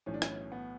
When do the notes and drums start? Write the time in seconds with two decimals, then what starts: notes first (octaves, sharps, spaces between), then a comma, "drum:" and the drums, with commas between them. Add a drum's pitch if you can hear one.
0.06 B1 A2 E3 C#4
0.14 D4
0.22 C#4, drum: rim click
0.52 B3